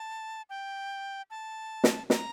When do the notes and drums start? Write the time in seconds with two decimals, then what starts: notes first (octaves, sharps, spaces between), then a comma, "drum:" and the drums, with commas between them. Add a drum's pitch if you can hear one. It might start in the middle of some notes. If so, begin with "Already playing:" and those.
Already playing: A5
0.50 G5
1.30 A5
1.84 drum: snare
2.10 A#5, drum: snare